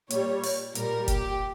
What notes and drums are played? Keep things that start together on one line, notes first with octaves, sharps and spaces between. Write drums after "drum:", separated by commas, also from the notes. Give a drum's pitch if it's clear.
A#2 G3 C#5, drum: hi-hat
drum: open hi-hat
A#2 G3 A#4, drum: hi-hat
G4, drum: kick, hi-hat